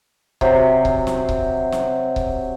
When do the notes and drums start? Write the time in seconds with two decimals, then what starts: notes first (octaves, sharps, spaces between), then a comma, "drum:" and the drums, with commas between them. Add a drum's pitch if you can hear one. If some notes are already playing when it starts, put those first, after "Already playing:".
0.41 C3 F#3, drum: kick C#1
0.85 drum: kick C#1
1.07 drum: snare
1.29 drum: kick C#1
1.72 drum: snare
2.16 drum: kick C#1